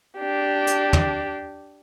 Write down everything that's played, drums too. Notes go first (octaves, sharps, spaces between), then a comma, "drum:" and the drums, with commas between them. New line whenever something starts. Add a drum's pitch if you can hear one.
D4 G4
drum: hi-hat
drum: tom